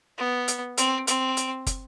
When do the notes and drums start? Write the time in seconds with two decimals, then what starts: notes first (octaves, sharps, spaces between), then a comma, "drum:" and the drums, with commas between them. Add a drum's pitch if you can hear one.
0.18 B3
0.48 drum: hi-hat
0.77 C4, drum: hi-hat
1.07 C4, drum: hi-hat
1.37 drum: hi-hat
1.66 drum: kick, hi-hat